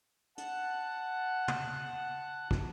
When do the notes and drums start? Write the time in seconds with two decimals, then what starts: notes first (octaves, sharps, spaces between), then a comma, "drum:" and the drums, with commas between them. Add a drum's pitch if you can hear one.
0.38 F#5 A5, drum: hi-hat
1.48 drum: tom
2.51 drum: kick